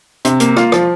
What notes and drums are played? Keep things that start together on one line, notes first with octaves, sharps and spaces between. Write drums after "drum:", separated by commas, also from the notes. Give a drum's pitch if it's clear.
C3, drum: hi-hat
A#3, drum: hi-hat
F4, drum: rim click
F3, drum: rim click